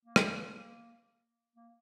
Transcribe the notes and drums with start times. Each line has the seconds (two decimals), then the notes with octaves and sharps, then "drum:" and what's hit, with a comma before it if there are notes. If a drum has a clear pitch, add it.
0.05 A#3
0.16 drum: rim click
0.56 A#3
1.56 A#3